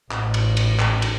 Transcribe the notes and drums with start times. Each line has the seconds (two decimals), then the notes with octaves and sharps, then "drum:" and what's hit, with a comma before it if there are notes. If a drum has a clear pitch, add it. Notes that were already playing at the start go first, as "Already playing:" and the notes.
0.11 A1, drum: clap
0.34 drum: cymbal
0.57 drum: cymbal
0.79 drum: clap
1.02 drum: cymbal